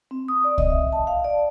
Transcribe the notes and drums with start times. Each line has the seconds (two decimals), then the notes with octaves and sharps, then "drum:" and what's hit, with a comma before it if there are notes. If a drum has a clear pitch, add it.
0.11 C4
0.28 D#6
0.44 D5
0.58 D#5, drum: kick C2
0.70 E5
0.93 A5
1.07 F5
1.24 D5